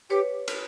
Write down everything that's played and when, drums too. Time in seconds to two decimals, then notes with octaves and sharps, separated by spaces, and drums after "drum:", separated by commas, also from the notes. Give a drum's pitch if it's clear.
0.10 G4 B4 C#5
0.48 drum: cymbal